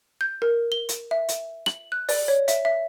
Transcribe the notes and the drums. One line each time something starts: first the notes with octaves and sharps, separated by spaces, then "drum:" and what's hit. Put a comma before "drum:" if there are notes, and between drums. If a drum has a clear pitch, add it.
G6
A#4
G7
drum: hi-hat
E5
drum: hi-hat
F#7, drum: rim click
F#6
D5, drum: open hi-hat
C#5
E5, drum: hi-hat
E5